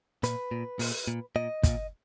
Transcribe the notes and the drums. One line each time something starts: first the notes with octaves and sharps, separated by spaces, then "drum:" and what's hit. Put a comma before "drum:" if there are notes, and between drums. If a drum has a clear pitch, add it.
A#2 B4, drum: hi-hat
A#2
A#2, drum: open hi-hat
A#2
A#2 D#5
A#2, drum: kick, hi-hat